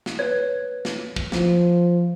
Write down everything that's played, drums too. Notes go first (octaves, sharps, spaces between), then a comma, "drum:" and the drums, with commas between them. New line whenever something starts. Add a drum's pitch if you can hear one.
drum: snare
B4 C#5 G#6
drum: snare
drum: kick
F3, drum: snare